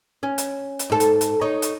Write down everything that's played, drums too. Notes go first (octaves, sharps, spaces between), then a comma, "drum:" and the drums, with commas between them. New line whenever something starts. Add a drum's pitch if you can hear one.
C#4
drum: hi-hat
drum: hi-hat
G#2 A4
drum: hi-hat
drum: hi-hat
D#4 C#5
drum: hi-hat